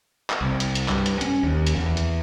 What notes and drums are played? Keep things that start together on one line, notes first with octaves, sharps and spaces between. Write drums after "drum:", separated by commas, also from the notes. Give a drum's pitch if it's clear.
drum: clap
C2
drum: hi-hat
drum: hi-hat
G2, drum: clap
drum: hi-hat
C#4, drum: hi-hat
D#2
drum: hi-hat
E2
drum: hi-hat